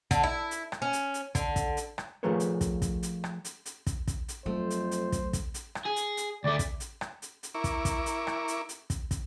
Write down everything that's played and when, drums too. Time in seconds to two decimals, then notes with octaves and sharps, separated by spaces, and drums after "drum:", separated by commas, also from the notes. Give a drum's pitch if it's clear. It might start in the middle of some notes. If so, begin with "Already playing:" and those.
0.11 D3, drum: kick, hi-hat
0.23 E4
0.51 drum: hi-hat
0.72 drum: rim click
0.82 C#4
0.93 drum: hi-hat
1.14 drum: hi-hat
1.35 D3, drum: kick, hi-hat
1.56 drum: kick, hi-hat
1.77 drum: hi-hat
1.98 drum: rim click
2.23 F3 A3 G#4 A#4 B4 C#5
2.40 drum: hi-hat
2.61 drum: kick, hi-hat
2.82 drum: kick, hi-hat
3.03 drum: hi-hat
3.24 drum: rim click
3.45 drum: hi-hat
3.66 drum: hi-hat
3.87 drum: kick, hi-hat
4.08 drum: kick, hi-hat
4.28 drum: hi-hat
4.46 F2 F#3 A3 C5
4.70 drum: hi-hat
4.91 drum: hi-hat
5.12 drum: kick, hi-hat
5.33 drum: kick, hi-hat
5.54 drum: hi-hat
5.75 drum: rim click
5.85 G#4
5.96 drum: hi-hat
6.17 drum: hi-hat
6.44 D2 A3 D5
6.59 drum: kick, hi-hat
6.80 drum: hi-hat
7.01 drum: rim click
7.22 drum: hi-hat
7.43 drum: hi-hat
7.55 E4 A#4 C#6 D6
7.64 drum: kick, hi-hat
7.85 drum: kick, hi-hat
8.06 drum: hi-hat
8.27 drum: rim click
8.48 drum: hi-hat
8.69 drum: hi-hat
8.90 drum: kick, hi-hat
9.11 drum: kick, hi-hat